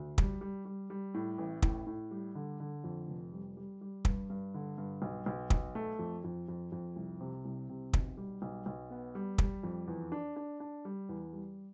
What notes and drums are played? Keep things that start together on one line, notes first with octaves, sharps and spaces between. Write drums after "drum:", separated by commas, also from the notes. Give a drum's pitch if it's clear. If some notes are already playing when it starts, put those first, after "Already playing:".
Already playing: D2
G3, drum: kick
G3
G3
G3
A2
A1
A2, drum: kick
A2
G3
D3
D3
F2
F1
G3
G3
G3
G2, drum: kick
G2
D3
G2
B1
B1
B1, drum: kick
A3
F2
F2
F2
F2
C2
C3
C2
C3
B1, drum: kick
G3
B1
B1
B3
G3
G3, drum: kick
F2
E2
D4
D4
D4
G3
E2
G3